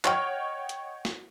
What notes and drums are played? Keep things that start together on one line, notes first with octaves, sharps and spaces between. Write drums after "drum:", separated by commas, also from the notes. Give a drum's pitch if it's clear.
C#5 D#5 F#5 G5 C#6 F6, drum: clap
drum: hi-hat
drum: snare